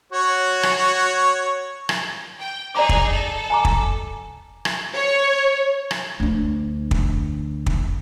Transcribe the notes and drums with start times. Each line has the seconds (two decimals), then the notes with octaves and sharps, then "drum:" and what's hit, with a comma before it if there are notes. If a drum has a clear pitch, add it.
0.12 F#4 C#5
0.63 drum: rim click
1.89 drum: rim click
2.39 G5
2.75 D#4 G#4 D5 A#5 D6
2.89 drum: kick
3.12 A4
3.50 G#5 A#5 D6
3.65 drum: kick
4.65 drum: rim click
4.94 C#5
5.91 drum: rim click
6.20 D2 D4
6.91 drum: kick
7.66 drum: kick